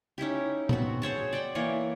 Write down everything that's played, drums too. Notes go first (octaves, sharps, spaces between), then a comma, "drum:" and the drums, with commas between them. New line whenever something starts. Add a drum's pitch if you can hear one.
C#4 D#4 E4 G4
B3 C4 F#4, drum: tom A2
G#4 C5 C#5 A5
D5 F#5 G5
E3 A#3 C#5 D#5